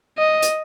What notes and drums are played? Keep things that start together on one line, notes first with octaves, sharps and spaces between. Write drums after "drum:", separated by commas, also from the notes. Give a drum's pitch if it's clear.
D#5
drum: hi-hat